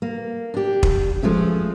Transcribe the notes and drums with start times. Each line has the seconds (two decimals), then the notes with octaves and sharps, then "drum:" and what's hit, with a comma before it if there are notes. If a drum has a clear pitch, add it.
0.02 A#3
0.54 D4 G4
0.83 drum: kick
1.23 F3 G#3 A3 C#4